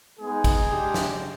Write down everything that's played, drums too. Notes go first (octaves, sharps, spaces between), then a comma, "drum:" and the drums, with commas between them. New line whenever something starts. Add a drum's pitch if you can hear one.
G#3 B3 D#4 G#4
drum: kick, cymbal
G#3 D4 G4
drum: snare